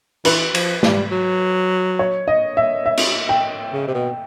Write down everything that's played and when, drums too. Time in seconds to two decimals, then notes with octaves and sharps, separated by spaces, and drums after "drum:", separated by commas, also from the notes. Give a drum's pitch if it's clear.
0.25 E3 B4, drum: cymbal
0.55 F3, drum: cymbal
0.83 G3, drum: snare
1.11 F#3
1.99 C#5
2.28 D#5
2.57 E5
2.86 E5
2.97 drum: cymbal
3.29 G5
3.73 C#3
3.88 C3
3.94 B2